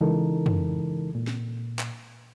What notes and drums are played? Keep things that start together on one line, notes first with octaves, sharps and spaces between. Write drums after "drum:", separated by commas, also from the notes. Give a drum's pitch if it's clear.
C#3 E3 G#3 D#4 A4 A#4
drum: tom
A#2
drum: snare
drum: clap